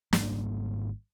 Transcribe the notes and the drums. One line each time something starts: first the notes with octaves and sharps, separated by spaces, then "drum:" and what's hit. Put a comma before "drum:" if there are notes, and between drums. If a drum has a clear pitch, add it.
G#1 G#2 G3 A#3, drum: snare